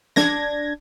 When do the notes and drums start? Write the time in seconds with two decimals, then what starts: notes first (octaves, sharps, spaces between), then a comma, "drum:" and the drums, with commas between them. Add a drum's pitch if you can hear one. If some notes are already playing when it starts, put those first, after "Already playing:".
0.16 D4 G#6 A#6, drum: snare